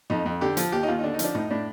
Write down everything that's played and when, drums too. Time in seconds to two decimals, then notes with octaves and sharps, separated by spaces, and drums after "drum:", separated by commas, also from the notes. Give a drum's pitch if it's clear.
0.10 F2 D#4, drum: tom
0.26 F2
0.41 D3 G4
0.57 F3, drum: hi-hat
0.72 D#2 G4
0.83 D#4
0.88 D#2 F4
0.99 D#4
1.04 D3 D4
1.14 D#4
1.19 F3, drum: hi-hat
1.24 D4
1.35 A2 D#4, drum: tom
1.50 A2 D4